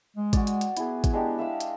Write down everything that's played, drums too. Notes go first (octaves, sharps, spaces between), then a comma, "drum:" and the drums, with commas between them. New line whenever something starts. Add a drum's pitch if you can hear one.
G#3
F#4 D5, drum: kick, hi-hat
drum: hi-hat
drum: hi-hat
B3 E4 G#4, drum: hi-hat
drum: kick, hi-hat
G#3 D4 G4
E5 F5 E6
drum: hi-hat